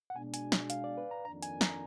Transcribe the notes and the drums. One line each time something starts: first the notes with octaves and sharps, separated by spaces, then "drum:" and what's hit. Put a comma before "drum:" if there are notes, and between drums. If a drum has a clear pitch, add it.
F#5
B2 G#3 D4 G#5
G#5, drum: hi-hat
drum: snare
F5, drum: hi-hat
D5
B4
A#5
F2 D#3 A#3 D4 A#5
G#5, drum: hi-hat
A#5, drum: snare